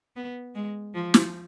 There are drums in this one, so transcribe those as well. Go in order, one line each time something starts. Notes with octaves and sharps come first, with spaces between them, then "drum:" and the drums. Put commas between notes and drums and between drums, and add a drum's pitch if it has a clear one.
B3
G#3
F3
drum: snare